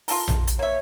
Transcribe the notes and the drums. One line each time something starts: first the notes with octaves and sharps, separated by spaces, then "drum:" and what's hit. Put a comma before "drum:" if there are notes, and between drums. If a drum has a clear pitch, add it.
F4 A4 A#4, drum: open hi-hat
drum: tom A#1
drum: hi-hat
A#3 C#5 E5